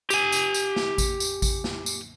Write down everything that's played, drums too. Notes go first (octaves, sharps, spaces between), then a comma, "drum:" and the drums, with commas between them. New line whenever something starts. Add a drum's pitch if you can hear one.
G4 G#5, drum: tambourine
drum: tambourine
drum: tambourine
drum: snare
drum: kick A1, tambourine
drum: tambourine
drum: kick A1, tambourine
drum: snare
drum: tambourine